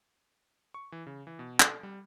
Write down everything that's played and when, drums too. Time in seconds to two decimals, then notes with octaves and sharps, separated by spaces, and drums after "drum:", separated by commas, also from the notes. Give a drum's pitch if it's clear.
0.74 C#6
0.92 E3
1.07 C#3
1.27 E3
1.39 B2
1.60 A4, drum: clap
1.83 G3